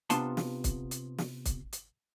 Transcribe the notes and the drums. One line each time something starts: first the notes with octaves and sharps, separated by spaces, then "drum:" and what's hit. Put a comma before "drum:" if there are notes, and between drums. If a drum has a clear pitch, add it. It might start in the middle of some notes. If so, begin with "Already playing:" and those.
C3 B3 D4 F4 A5 C6, drum: hi-hat
drum: snare
drum: kick, hi-hat
drum: hi-hat
drum: snare
drum: kick, hi-hat
drum: hi-hat